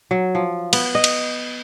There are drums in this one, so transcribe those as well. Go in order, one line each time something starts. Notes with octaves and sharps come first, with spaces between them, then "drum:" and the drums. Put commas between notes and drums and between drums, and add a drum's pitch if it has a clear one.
F#3
F3
B3, drum: cymbal
D#5
drum: cymbal